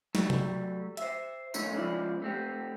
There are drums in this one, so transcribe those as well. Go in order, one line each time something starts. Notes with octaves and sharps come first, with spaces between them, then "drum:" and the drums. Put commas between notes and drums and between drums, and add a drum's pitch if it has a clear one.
F#3 G3 A3, drum: snare
drum: tom C3
C5 E5, drum: hi-hat
D#3 A3 C#4 D#4, drum: tambourine
C#2 C#3 F3 E4 D5
A3 C4 G4